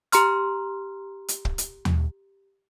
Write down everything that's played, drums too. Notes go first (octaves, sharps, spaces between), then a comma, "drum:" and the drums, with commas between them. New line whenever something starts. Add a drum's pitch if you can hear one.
G4 A#5 C6 F6, drum: hi-hat
drum: hi-hat
drum: kick
drum: hi-hat
drum: tom D#2